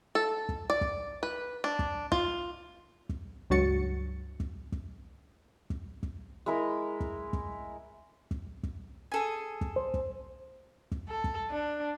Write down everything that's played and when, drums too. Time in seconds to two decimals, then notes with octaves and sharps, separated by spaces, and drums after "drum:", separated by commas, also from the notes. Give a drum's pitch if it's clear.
0.15 A4
0.49 drum: kick
0.70 D5
0.81 drum: kick
1.23 B4
1.64 D4
1.79 drum: kick
2.12 F4, drum: kick
3.09 drum: kick
3.50 C#2 G2 F#3 F#4 A6 C#7
4.40 drum: kick
4.72 drum: kick
5.70 drum: kick
6.03 drum: kick
6.46 G#3 E4 A#4
7.00 drum: kick
7.33 drum: kick
8.31 drum: kick
8.63 drum: kick
9.12 G#4 A4 G#5
9.61 drum: kick
9.76 C5
9.94 drum: kick
10.92 drum: kick
11.09 A4
11.24 drum: kick
11.51 D4